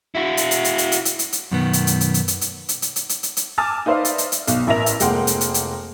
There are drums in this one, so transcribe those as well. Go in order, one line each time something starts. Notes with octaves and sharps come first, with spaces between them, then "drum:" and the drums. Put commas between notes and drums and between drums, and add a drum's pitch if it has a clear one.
E4 F#4
drum: hi-hat
drum: hi-hat
drum: hi-hat
drum: hi-hat
drum: hi-hat
drum: hi-hat
drum: hi-hat
drum: hi-hat
F#2 B2 D#3 B3
drum: hi-hat
drum: hi-hat
drum: hi-hat
drum: hi-hat
drum: hi-hat
drum: hi-hat
drum: hi-hat
drum: hi-hat
drum: hi-hat
drum: hi-hat
drum: hi-hat
drum: hi-hat
G#5 A5 D6 E6 F6 A6
D#4 B4 C5 D5 E5 F5
drum: hi-hat
drum: hi-hat
drum: hi-hat
B1, drum: hi-hat
A1 E4 A#4 E5 A#6 F7
drum: hi-hat
F1 G#3 A#3 F#5 G5 C6, drum: hi-hat
drum: hi-hat
drum: hi-hat
drum: hi-hat